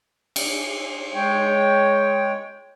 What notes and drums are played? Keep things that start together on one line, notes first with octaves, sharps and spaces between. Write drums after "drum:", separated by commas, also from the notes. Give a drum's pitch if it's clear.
drum: cymbal
G#3 C#5 G5